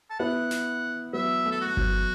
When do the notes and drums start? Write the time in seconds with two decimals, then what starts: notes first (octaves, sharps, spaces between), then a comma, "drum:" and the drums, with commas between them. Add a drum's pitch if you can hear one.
0.10 A5
0.19 B3 E4 F#5
0.51 drum: snare
1.13 F#3 B3 E5
1.46 A3
1.51 A4
1.61 F#4
1.66 A3
1.77 F#3, drum: kick G1